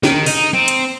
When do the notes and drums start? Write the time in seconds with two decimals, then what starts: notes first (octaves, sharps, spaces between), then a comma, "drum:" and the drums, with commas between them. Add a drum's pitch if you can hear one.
0.03 D#3, drum: snare
0.26 D#4, drum: open hi-hat
0.54 C4
0.68 drum: hi-hat